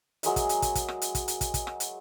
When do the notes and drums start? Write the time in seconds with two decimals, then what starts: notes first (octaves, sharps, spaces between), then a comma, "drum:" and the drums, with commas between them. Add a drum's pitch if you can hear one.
0.23 F#3 G#3 A#4 E5, drum: hi-hat
0.36 drum: kick, hi-hat
0.49 drum: hi-hat
0.62 drum: kick, hi-hat
0.75 drum: kick, hi-hat
0.88 drum: rim click
1.02 drum: hi-hat
1.15 drum: kick, hi-hat
1.28 drum: hi-hat
1.41 drum: kick, hi-hat
1.54 drum: kick, hi-hat
1.67 drum: rim click
1.80 drum: hi-hat